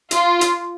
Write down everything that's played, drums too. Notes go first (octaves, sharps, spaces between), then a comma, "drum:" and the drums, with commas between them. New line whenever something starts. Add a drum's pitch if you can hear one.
F4, drum: hi-hat
drum: hi-hat